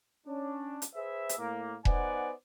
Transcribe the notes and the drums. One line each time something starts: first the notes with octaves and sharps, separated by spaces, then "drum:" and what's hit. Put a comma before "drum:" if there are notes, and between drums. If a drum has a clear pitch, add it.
C#4 D4
drum: hi-hat
G#4 B4 C5 E5
drum: hi-hat
A2 A#3
B3 D#4 C5 D5 F#5 G#5, drum: kick E1